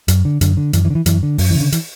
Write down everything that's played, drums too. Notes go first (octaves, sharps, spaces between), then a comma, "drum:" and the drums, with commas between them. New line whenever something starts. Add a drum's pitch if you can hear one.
F#2, drum: hi-hat
D3
F#2 D3, drum: hi-hat
D3
F#2 E3, drum: hi-hat
E3
D3
E3
F#2 E3, drum: hi-hat
D3
F#2 F#3, drum: open hi-hat
E3
C#3
D3
E3, drum: hi-hat